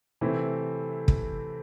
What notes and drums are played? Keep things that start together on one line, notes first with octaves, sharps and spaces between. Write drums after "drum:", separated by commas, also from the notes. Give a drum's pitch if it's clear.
C3 E3 A3 C4 E4
drum: kick